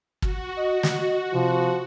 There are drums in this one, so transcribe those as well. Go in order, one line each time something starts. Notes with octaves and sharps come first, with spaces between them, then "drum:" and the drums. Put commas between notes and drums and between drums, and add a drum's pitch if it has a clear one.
F#4, drum: kick
D#5
drum: snare
C3 F3